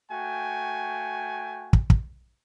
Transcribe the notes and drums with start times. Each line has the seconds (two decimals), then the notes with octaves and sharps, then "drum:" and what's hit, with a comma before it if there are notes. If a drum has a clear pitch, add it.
0.10 A3 F#4 G5 G#5
1.73 drum: kick
1.90 drum: kick